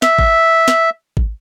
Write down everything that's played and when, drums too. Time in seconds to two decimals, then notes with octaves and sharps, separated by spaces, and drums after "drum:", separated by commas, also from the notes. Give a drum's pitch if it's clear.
0.02 E5, drum: snare
0.19 drum: kick
0.68 drum: snare
1.17 drum: kick